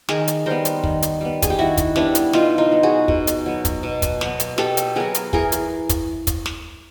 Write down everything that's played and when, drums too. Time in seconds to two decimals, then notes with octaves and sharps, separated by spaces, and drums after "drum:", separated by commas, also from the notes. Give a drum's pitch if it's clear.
0.09 D#3 G#4 A#4, drum: snare
0.28 drum: hi-hat
0.46 G3 B3 A#4 C5
0.65 drum: hi-hat
0.84 D#3, drum: kick
1.02 drum: hi-hat
1.21 G3 B3
1.42 G#4, drum: kick, hi-hat
1.50 G4
1.58 D#3 E4 F#4
1.77 drum: kick, hi-hat
1.96 G3 B3 D4 E4, drum: snare
2.15 drum: hi-hat
2.33 B2 D#4 F4, drum: snare
2.58 D#4 F4
2.72 F#3 B3
2.83 F#4 G#4
3.08 B2, drum: kick
3.27 drum: hi-hat
3.46 F#3 B3
3.65 drum: kick, hi-hat
3.83 B2
4.02 drum: kick, hi-hat
4.21 F#3 B3, drum: snare
4.40 drum: hi-hat
4.58 B2 G4 A4, drum: snare
4.77 drum: hi-hat
4.96 F#3 B3 G#4 A#4
5.15 drum: hi-hat
5.33 E3 G#4 A#4, drum: kick
5.52 drum: hi-hat
5.89 drum: kick, hi-hat
6.27 drum: kick, hi-hat
6.46 drum: snare